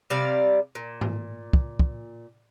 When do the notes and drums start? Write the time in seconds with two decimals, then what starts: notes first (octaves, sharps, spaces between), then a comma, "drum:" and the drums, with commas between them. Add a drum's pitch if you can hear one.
0.10 C3 G3 D5 F5
0.75 A#2
1.01 drum: tom G#2
1.53 drum: kick
1.79 drum: kick